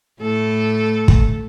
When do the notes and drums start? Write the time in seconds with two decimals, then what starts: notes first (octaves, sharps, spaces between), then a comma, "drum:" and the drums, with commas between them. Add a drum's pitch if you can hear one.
0.21 A2 A3 A4
1.08 drum: kick